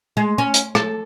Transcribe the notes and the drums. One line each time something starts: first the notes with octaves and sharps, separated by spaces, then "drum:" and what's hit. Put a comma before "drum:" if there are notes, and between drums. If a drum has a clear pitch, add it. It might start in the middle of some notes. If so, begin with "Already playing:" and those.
G#3
C#4
drum: hi-hat
A4, drum: rim click